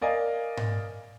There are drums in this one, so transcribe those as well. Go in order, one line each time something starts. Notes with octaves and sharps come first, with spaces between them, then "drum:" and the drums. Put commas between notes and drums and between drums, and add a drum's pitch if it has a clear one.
A#4 D5 D#5 F5 G#5
drum: tom G#2